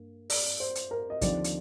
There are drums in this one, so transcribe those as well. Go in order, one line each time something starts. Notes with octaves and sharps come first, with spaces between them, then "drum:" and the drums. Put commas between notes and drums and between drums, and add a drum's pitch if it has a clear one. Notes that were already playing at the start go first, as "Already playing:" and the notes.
Already playing: G2 A#3
D5, drum: open hi-hat
C5
drum: hi-hat
A#4
D#5
D#2 D3 F3 C4 D5, drum: kick, hi-hat
drum: hi-hat